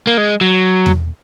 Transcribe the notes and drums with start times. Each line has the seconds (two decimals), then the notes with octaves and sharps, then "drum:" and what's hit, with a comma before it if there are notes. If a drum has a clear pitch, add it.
0.07 A#3
0.17 G#3
0.41 F#3
0.86 drum: tom E2